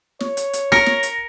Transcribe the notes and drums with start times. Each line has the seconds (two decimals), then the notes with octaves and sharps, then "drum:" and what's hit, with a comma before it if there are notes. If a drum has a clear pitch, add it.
0.20 C#5, drum: snare
0.37 drum: hi-hat
0.53 drum: hi-hat
0.72 A#4 A#6 C#7, drum: snare
0.86 drum: snare
1.03 drum: hi-hat